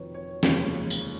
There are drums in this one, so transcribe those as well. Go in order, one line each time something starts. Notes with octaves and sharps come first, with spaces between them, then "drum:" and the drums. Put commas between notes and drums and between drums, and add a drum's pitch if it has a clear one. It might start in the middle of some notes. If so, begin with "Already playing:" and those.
Already playing: F1 F2 D#3 B4 C#5
C#5
F1 D#2 C#3 F3 G#3, drum: snare
drum: tambourine